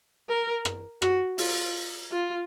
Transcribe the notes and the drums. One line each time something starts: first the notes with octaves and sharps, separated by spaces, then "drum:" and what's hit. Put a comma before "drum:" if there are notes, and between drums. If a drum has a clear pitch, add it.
A#4
drum: rim click
F#4, drum: rim click
F4, drum: open hi-hat
F4